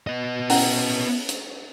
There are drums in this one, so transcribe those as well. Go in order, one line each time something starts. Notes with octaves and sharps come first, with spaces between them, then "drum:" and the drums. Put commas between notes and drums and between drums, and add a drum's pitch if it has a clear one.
B3 D#5
C#4 E4 F#5, drum: open hi-hat
drum: hi-hat